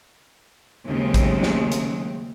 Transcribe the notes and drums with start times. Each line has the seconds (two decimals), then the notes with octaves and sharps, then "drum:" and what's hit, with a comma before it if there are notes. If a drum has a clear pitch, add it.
0.86 D#2 C#3 F#3 G#3 A3 C4
1.14 drum: kick, hi-hat
1.43 drum: snare
1.72 drum: hi-hat